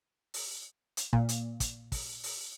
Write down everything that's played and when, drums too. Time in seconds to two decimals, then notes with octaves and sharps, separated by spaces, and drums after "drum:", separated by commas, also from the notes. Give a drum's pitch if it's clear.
0.34 drum: open hi-hat
0.97 drum: hi-hat
1.13 A#2, drum: kick
1.29 drum: hi-hat
1.60 drum: kick, hi-hat
1.92 drum: kick, open hi-hat
2.23 drum: open hi-hat